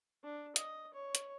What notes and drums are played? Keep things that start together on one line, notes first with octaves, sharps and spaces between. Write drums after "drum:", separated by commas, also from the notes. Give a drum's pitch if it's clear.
D4
D#5, drum: hi-hat
C#5
drum: hi-hat